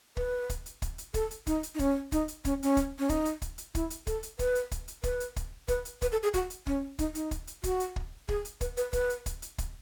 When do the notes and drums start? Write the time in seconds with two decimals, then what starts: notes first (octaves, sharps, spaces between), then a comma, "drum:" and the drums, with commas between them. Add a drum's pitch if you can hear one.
0.17 B4, drum: kick
0.49 drum: kick, hi-hat
0.66 drum: hi-hat
0.82 drum: kick, hi-hat
0.98 drum: hi-hat
1.14 A4, drum: kick, hi-hat
1.31 drum: hi-hat
1.47 D#4, drum: kick, hi-hat
1.63 drum: hi-hat
1.75 D#4
1.79 C#4, drum: kick, hi-hat
2.12 D#4, drum: kick, hi-hat
2.28 drum: hi-hat
2.45 C#4, drum: kick, hi-hat
2.63 C#4, drum: hi-hat
2.77 drum: kick, hi-hat
2.99 C#4
3.09 D#4, drum: kick, hi-hat
3.25 drum: hi-hat
3.42 drum: kick, hi-hat
3.58 drum: hi-hat
3.75 E4, drum: kick, hi-hat
3.90 drum: hi-hat
4.07 A4, drum: kick, hi-hat
4.23 drum: hi-hat
4.39 B4, drum: kick, hi-hat
4.55 drum: hi-hat
4.71 drum: kick, hi-hat
4.88 drum: hi-hat
5.03 B4, drum: kick, hi-hat
5.20 drum: hi-hat
5.36 drum: kick, hi-hat
5.68 B4, drum: kick, hi-hat
5.85 drum: hi-hat
6.02 B4, drum: kick, hi-hat
6.12 A4
6.23 G#4
6.34 F#4, drum: kick, hi-hat
6.50 drum: hi-hat
6.67 C#4, drum: kick
6.99 D#4, drum: kick, hi-hat
7.15 D#4, drum: hi-hat
7.31 drum: kick, hi-hat
7.47 drum: hi-hat
7.64 F#4, drum: kick, hi-hat
7.80 drum: hi-hat
7.96 drum: kick
8.29 G#4, drum: kick
8.45 drum: hi-hat
8.61 B4, drum: kick, hi-hat
8.77 B4, drum: hi-hat
8.93 B4, drum: kick, hi-hat
9.10 drum: hi-hat
9.26 drum: kick, hi-hat
9.42 drum: hi-hat
9.58 drum: kick, hi-hat